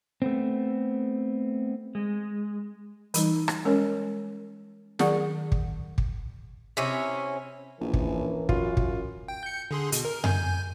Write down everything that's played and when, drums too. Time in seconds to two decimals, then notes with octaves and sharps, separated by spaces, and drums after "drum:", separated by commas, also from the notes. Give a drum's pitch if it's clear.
0.22 A3 B3 C4
1.95 G#3
3.14 E3 G3 D#4, drum: hi-hat
3.48 drum: rim click
3.65 G#3 C#4 A#4 C#5
4.99 D#3 F#3 G#4 D5 F#5 C#6, drum: snare
5.52 drum: kick
5.98 drum: kick
6.77 C3 C#4 E4
7.81 A#1 E3 C#4 A#4
7.94 drum: kick
8.49 F#2 F4, drum: kick
8.77 drum: kick
9.28 G5
9.43 G6 C#7
9.71 D3 G#4 C6
9.92 B2, drum: hi-hat
10.05 A#4
10.24 G#5 G6, drum: tom F#2